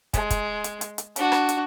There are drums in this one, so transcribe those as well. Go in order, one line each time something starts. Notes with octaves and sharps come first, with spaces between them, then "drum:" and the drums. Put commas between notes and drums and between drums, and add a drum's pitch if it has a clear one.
G#3, drum: kick, hi-hat
drum: kick, hi-hat
drum: hi-hat
drum: hi-hat
drum: hi-hat
D4 F#4, drum: hi-hat
drum: rim click
drum: hi-hat